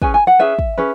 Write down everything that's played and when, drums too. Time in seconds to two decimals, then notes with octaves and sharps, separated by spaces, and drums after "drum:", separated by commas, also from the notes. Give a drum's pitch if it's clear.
0.02 C#4 G#4 B4 G#5, drum: kick
0.14 G#5
0.27 F#5
0.39 C#4 G#4 B4 E5
0.59 drum: kick
0.77 C#4 G#4 B4